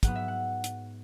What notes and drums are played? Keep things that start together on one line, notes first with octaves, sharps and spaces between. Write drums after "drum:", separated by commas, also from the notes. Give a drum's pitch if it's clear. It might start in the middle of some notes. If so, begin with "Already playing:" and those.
G#2 F#3 B3 F#5, drum: kick, hi-hat
E5
F#5
drum: hi-hat